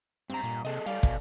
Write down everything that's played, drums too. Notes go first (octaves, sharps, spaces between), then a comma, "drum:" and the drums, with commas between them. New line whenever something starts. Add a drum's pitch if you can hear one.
G2 C4 A#5
A#2
C3 G#4 A4 D#5
G3 A4 D5 F5
B2, drum: kick